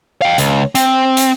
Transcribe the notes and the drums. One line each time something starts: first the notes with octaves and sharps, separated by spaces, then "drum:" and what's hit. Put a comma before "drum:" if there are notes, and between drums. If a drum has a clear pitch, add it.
F5 G5
C#2, drum: hi-hat
C4, drum: hi-hat
drum: hi-hat